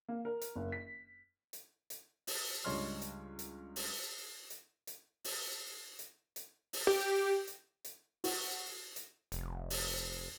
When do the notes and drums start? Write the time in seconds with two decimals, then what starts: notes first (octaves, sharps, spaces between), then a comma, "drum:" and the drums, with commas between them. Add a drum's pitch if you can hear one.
0.09 A#3
0.25 A#4
0.42 drum: hi-hat
0.55 F#1
0.72 B6
1.53 drum: hi-hat
1.90 drum: hi-hat
2.27 drum: open hi-hat
2.64 C#2 G2 C#5 D#5 C6 F6
3.02 drum: hi-hat
3.39 drum: hi-hat
3.76 drum: open hi-hat
4.50 drum: hi-hat
4.87 drum: hi-hat
5.24 drum: open hi-hat
5.99 drum: hi-hat
6.36 drum: hi-hat
6.73 drum: open hi-hat
6.87 G4
7.47 drum: hi-hat
7.85 drum: hi-hat
8.24 F#4, drum: open hi-hat
8.96 drum: hi-hat
9.32 F1, drum: hi-hat
9.70 drum: open hi-hat